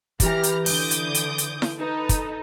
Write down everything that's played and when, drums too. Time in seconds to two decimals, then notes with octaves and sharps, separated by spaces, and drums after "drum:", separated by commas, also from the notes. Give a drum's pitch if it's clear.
0.20 E3 G4 A#5 F6, drum: kick, hi-hat
0.43 drum: hi-hat
0.66 D3 E3 D6 D#6 G6, drum: open hi-hat
0.91 drum: hi-hat
1.15 drum: hi-hat
1.38 drum: hi-hat
1.62 drum: snare E4
1.77 D#4 A4 B4
2.09 drum: kick, hi-hat